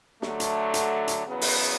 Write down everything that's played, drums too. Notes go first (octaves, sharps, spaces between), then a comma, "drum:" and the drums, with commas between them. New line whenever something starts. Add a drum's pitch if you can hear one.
D3 F#3 A3, drum: snare
drum: hi-hat
drum: hi-hat
drum: hi-hat
E2 C#3 F#3 B3
drum: open hi-hat